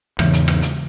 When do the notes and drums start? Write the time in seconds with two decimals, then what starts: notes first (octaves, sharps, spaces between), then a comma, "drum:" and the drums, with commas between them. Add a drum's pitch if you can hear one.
0.19 E2 G#2 C#3 E3, drum: rim click
0.33 drum: hi-hat
0.48 drum: rim click
0.62 drum: hi-hat